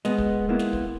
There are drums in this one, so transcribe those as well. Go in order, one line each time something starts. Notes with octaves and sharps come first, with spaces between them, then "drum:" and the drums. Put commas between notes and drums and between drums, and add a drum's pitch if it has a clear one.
G#3 B3 D#5, drum: snare
drum: kick
A#3 B3 E4
drum: snare
drum: kick